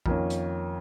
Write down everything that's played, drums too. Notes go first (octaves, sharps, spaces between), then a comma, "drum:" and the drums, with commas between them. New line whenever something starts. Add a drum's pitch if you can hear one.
F2 D#3 A#3 C#4, drum: kick
drum: hi-hat